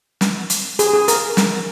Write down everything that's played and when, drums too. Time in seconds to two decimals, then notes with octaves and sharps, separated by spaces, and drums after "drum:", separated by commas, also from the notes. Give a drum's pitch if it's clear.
0.21 drum: snare
0.50 drum: hi-hat
0.79 G#4, drum: hi-hat
0.93 G#4
1.08 A#4, drum: hi-hat
1.37 drum: snare